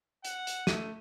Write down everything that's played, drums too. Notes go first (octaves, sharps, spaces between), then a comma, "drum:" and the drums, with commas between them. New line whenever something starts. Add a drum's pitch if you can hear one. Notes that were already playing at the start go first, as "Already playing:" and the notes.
F#5, drum: hi-hat
drum: hi-hat
A3 D#7, drum: snare